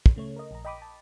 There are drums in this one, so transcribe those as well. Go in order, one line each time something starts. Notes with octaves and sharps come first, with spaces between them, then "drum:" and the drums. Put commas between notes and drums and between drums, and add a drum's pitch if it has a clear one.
drum: kick
C#3 A3 C#5
A#4 D#5
A#1 A#5
D#5 G5 B5 D6 D#6
A5